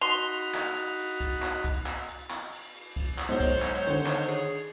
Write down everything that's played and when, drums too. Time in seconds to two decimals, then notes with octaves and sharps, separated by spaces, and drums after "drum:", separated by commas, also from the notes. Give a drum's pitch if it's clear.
0.01 D#4 F#4 B5 C6 F7
0.32 drum: cymbal
0.54 drum: clap
0.76 drum: cymbal
0.98 drum: cymbal
1.20 drum: kick C2, cymbal
1.42 drum: clap
1.64 drum: kick C2, cymbal
1.86 drum: clap
2.08 drum: cymbal
2.30 drum: clap
2.52 drum: cymbal
2.74 drum: cymbal
2.96 drum: kick C2, cymbal
3.18 drum: clap
3.29 B1 G#2 G#3 C5 C#5
3.40 drum: kick C2, cymbal
3.62 drum: clap
3.87 D3 D#3, drum: cymbal
4.06 drum: clap
4.28 G#4, drum: cymbal